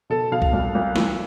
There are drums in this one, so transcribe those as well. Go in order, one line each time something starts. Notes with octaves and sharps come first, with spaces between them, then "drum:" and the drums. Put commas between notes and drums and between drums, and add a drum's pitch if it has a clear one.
B2 A4
B2 F5
drum: kick B1
C2
C2
E3, drum: snare